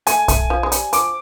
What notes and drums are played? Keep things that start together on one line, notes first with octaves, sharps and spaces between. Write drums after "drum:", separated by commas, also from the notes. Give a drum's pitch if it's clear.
A3 G#5, drum: hi-hat
A3, drum: kick B1, hi-hat
F3
G#3
G3, drum: hi-hat
F3 D6, drum: hi-hat